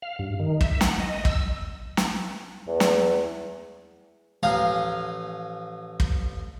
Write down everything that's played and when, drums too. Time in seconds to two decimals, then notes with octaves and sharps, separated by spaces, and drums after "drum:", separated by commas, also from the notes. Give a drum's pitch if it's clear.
0.02 F5
0.19 G2
0.40 D#3
0.61 E5, drum: kick
0.81 F#5, drum: snare
1.00 D#5
1.25 E6, drum: kick
1.97 drum: snare
2.67 E2
2.80 drum: snare
4.43 A1 F3 G#4 F5 A#5 D#6
6.00 drum: kick